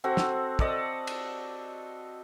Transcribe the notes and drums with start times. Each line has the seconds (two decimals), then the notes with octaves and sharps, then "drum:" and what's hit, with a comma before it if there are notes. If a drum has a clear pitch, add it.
0.04 C4 F#4 A4
0.17 drum: snare
0.59 A4 D5 D#5, drum: kick
1.07 drum: cymbal